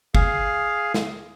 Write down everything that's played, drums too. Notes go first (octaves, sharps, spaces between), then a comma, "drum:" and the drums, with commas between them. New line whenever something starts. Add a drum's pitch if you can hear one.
G#4 F5, drum: kick
drum: snare